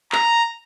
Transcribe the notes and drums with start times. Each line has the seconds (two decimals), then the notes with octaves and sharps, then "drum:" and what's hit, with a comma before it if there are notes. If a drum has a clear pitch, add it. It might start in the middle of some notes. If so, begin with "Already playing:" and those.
0.12 A#5, drum: clap